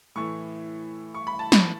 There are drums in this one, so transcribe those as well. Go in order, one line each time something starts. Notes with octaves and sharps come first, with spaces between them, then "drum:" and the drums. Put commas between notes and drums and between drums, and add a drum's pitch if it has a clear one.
A2 E3 A3 C#6
C#6
B5
A5
B5, drum: snare